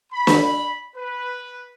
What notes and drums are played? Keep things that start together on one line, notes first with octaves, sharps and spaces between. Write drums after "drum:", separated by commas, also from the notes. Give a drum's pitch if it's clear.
B5
drum: snare
B4